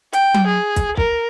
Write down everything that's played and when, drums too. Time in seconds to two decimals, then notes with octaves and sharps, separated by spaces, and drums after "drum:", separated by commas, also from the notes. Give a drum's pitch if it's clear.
0.13 G5, drum: hi-hat
0.34 drum: tom F#3
0.47 G#4
0.76 drum: kick, hi-hat
0.97 A#4, drum: kick